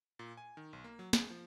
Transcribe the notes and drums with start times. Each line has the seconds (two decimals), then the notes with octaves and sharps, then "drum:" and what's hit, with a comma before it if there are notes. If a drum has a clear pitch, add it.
0.19 A#2
0.37 G#5
0.57 D#3
0.73 B1
0.84 A#3
0.99 F#3
1.13 G#4, drum: snare
1.30 F3